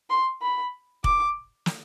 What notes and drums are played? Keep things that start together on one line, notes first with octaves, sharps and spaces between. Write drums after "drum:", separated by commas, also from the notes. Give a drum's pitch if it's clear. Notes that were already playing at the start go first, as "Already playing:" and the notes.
C6
B5
D6, drum: kick
drum: snare